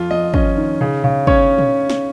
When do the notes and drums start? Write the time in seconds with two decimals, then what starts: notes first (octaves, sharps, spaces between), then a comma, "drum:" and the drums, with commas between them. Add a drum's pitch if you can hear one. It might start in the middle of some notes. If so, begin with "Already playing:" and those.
Already playing: F2 F4
0.11 F2 D#5
0.34 C#4 D#5, drum: kick
0.57 D#3
0.81 C#3
1.04 C#3
1.27 C#4 C#5, drum: kick
1.58 drum: tom
1.90 drum: snare